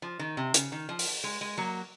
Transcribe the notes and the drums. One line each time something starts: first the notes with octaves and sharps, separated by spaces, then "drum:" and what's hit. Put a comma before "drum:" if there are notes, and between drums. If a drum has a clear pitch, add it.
F3
D#3
C3
C#3, drum: hi-hat
D#3
F3
drum: open hi-hat
G#3
G#3
F#3 A#3